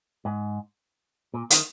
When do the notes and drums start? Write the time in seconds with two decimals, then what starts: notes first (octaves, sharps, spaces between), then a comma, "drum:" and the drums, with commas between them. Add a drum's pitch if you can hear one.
0.25 G#2
1.34 A#2
1.50 D#3, drum: hi-hat